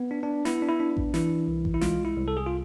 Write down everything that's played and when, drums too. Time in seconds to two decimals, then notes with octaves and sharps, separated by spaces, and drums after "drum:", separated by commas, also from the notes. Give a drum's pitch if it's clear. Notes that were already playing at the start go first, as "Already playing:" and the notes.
Already playing: B3
0.11 D4
0.23 D4
0.45 B3 E4, drum: snare
0.62 D4
0.69 E4
0.80 D4
0.97 drum: kick A1
1.14 E3 E4, drum: snare
1.48 C2
1.65 drum: kick A1
1.74 E4
1.81 G#3 F4, drum: snare
2.05 E4
2.16 C2
2.28 A4
2.37 G#4
2.47 F4